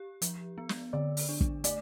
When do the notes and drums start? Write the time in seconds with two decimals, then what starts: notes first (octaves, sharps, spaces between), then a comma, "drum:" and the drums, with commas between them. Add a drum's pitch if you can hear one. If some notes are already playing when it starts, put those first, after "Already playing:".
Already playing: G4
0.22 F3, drum: hi-hat
0.58 B3
0.69 drum: snare
0.93 D3 D5
1.17 drum: open hi-hat
1.29 D4
1.41 drum: kick
1.64 A3 D5, drum: hi-hat